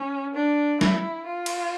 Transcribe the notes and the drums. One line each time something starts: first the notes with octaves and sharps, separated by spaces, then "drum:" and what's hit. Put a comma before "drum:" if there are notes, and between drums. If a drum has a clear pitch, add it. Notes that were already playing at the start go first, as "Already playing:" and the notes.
Already playing: C#4
D4
E4, drum: snare
F4
drum: cymbal